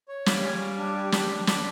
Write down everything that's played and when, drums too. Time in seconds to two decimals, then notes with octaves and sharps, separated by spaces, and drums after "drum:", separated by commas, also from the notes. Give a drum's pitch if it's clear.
0.08 C#5
0.26 G3 F5, drum: snare
0.44 G#5
0.61 F5
0.78 D4
0.95 G4
1.12 D4, drum: snare
1.29 D4
1.47 D4, drum: snare